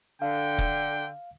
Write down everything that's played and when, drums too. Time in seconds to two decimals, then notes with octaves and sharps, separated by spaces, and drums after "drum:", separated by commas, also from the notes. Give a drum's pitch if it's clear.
0.22 D3 F5 G5
0.58 drum: kick